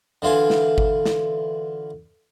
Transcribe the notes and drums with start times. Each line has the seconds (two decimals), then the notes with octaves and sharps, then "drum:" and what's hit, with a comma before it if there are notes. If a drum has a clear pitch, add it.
0.22 D3 E3 F4 G#5
0.50 drum: snare
0.78 drum: kick G1
1.06 drum: snare